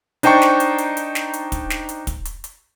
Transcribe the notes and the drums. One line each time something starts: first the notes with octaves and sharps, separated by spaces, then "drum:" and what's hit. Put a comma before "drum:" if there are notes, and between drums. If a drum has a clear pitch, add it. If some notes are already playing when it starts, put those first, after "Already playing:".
D4 D#4 C5 G5 A5 C#6, drum: hi-hat
drum: snare
drum: hi-hat
drum: hi-hat
drum: hi-hat
drum: snare
drum: hi-hat
drum: kick, hi-hat
drum: snare
drum: hi-hat
drum: kick, hi-hat
drum: hi-hat
drum: hi-hat